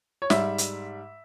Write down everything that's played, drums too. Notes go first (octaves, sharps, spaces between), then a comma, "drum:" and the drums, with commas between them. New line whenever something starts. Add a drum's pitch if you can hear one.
C#5
G#2 G3 E5, drum: snare
drum: hi-hat